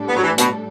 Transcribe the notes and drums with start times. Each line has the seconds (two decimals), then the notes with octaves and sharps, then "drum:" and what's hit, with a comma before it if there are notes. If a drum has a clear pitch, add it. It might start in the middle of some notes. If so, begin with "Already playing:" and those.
Already playing: A2 G3 D4 A4
0.09 B3
0.16 F#3
0.24 E3
0.38 B2, drum: hi-hat